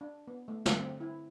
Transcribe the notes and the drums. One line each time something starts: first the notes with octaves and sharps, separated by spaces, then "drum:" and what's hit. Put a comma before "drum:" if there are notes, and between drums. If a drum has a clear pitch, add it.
D4
B3
A3
D3, drum: snare
C4
E4